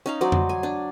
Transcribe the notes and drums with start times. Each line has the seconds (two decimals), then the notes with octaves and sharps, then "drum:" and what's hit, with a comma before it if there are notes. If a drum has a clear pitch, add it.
0.06 C#4 D#4 F5
0.21 F#3 C5 D5 D#5
0.32 drum: tom F2
0.49 G#5
0.63 D4